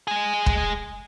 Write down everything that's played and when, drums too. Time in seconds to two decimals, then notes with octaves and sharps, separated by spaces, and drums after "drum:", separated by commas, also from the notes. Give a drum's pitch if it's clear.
0.07 G#3 G#4
0.46 drum: kick